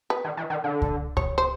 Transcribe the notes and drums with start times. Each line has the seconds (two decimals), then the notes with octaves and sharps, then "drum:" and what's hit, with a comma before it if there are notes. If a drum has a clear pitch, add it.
0.10 B4
0.24 D#3
0.37 E3
0.50 D#3
0.64 D3
0.82 drum: kick C#2
1.17 C#5, drum: kick C#2
1.38 C5